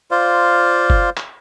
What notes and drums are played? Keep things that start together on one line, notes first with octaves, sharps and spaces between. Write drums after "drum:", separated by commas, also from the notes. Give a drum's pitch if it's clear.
F4 C5 D5 F5
drum: kick F#1
drum: clap